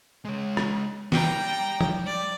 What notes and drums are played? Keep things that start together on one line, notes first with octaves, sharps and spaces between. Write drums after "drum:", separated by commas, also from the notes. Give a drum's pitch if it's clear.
G#3 C#5
drum: rim click
G3 G5 A#5, drum: snare
drum: tom F3
D5